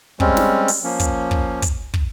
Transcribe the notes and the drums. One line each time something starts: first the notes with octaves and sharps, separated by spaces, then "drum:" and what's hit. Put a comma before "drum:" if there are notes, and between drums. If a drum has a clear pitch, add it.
G3 G#3 C4 C#4, drum: kick
drum: snare
drum: open hi-hat
F3 A#3 C#4
drum: kick, hi-hat
drum: kick
drum: kick, hi-hat
drum: kick